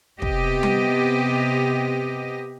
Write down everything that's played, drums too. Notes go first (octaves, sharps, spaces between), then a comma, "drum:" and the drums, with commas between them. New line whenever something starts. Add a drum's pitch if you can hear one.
C3 B3 G4 D#5, drum: kick
drum: tom G3